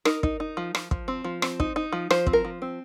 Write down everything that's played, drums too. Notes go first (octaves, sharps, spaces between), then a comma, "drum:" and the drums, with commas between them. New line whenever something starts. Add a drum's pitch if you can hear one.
D#4 A#4, drum: rim click
D#4, drum: kick
D#4
F3
F3, drum: rim click
F3, drum: kick
C4
F3
C4, drum: rim click
D#4, drum: kick
D#4
F3
F3 C5, drum: rim click
C4, drum: kick
A#4
F3
C4